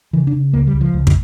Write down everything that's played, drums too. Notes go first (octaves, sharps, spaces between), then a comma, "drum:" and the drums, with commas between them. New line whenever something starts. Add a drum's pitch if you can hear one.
C#3 E3
D4
C#3
C#2 A#3
G3
C#2
F3
C#2
drum: kick